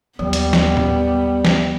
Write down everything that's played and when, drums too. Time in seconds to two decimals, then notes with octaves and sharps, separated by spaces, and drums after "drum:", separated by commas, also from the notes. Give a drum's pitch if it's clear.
0.19 D#2 F#3 G3 B3
0.33 drum: hi-hat
0.53 drum: snare
0.77 drum: tom A2
1.45 drum: snare